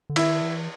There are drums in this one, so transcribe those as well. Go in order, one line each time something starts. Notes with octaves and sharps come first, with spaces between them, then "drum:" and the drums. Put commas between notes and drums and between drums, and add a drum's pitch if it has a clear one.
D3
D#3 E4, drum: cymbal
E3